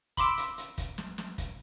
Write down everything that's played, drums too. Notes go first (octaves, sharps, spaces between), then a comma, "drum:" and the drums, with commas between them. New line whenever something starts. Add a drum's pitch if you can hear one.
B5 C6 D6 E6, drum: kick, hi-hat
drum: hi-hat
drum: hi-hat
drum: kick, hi-hat
drum: snare
drum: snare
drum: kick, hi-hat